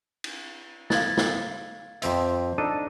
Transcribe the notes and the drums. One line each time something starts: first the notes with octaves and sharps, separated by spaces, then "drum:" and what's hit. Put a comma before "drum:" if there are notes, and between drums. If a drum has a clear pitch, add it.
drum: cymbal
F5 G#6 A6, drum: snare
drum: snare
F2 C4 E5, drum: hi-hat
D4 D#4 A4 D#7